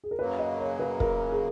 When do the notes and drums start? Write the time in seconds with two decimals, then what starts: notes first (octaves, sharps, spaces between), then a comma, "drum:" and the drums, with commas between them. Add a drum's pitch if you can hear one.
0.04 G#4
0.11 A#4
0.19 F#2 C#3 F#3 A#3 B4
0.39 D#5
0.59 C#5
0.80 B4
1.00 A#4, drum: kick
1.32 G#4